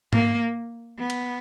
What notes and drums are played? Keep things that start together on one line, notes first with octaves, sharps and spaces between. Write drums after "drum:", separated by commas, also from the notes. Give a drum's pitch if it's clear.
A#3, drum: tom G#2
B3
drum: cymbal